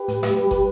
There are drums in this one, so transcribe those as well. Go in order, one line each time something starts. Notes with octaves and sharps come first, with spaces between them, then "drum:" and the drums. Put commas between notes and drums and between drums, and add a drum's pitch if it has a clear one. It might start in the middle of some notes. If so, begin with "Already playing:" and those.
Already playing: G4 B4
A2, drum: hi-hat
G3, drum: rim click
G3
G3, drum: kick, hi-hat